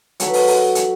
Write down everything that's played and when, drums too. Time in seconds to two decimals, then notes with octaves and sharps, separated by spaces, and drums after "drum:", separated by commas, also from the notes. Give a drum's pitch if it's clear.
0.20 F#3 F#4 A4 B4, drum: hi-hat
0.33 drum: open hi-hat
0.47 drum: open hi-hat
0.75 drum: hi-hat